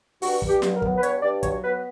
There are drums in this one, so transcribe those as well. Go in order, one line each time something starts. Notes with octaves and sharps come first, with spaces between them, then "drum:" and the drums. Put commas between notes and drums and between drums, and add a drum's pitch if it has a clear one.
G2 F#4, drum: open hi-hat
G2, drum: kick
G4
F#3, drum: snare
A#4
B3, drum: kick
B4
G2 C#5, drum: hi-hat
G2 D5
F#3 C#5, drum: kick, hi-hat
B3 B4